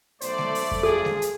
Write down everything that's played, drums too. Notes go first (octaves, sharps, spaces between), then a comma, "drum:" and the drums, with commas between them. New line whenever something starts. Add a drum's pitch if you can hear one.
B1 A3 C5 D5, drum: hi-hat
drum: snare G#3
drum: open hi-hat
drum: kick F2
G2 F3 G#4 A4
drum: snare G#3
drum: hi-hat